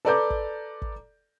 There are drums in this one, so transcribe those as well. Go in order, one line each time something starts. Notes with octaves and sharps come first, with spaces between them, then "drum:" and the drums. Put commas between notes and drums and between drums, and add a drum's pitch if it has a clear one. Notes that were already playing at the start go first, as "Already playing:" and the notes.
A4 B4 D5 A#5 D6 G6
drum: kick
drum: kick